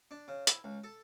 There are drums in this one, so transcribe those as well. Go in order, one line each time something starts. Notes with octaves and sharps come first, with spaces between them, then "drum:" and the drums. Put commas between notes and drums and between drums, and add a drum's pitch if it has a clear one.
D4
C#3
E4, drum: hi-hat
C#2
A4